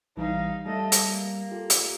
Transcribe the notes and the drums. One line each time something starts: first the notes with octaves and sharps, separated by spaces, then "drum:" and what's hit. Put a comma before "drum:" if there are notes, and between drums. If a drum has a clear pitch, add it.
A#1 E3 G3 D#4 F5
G3 A3 D#5
drum: hi-hat
A#3
F4 G4 A4
drum: hi-hat